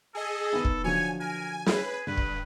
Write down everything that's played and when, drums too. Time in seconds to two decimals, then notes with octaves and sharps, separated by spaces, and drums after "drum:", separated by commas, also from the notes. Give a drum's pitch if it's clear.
0.15 G#4 A4 D#5
0.53 D#3 B3 D#4
0.65 drum: kick
0.84 D3 F3 F#3 C#5 G#5
1.20 A#4 G#5
1.66 G#4 B4, drum: snare
2.07 G2 D3 B4
2.17 drum: kick